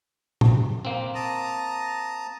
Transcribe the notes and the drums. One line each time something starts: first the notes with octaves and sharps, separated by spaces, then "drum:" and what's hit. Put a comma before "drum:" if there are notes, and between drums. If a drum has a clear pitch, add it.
drum: tom A#2
A#3 C4
A5 A#5 D#6